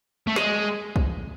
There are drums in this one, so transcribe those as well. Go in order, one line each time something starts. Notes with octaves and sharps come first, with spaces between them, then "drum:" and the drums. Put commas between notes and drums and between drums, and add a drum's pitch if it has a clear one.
A3
G#3, drum: snare
drum: kick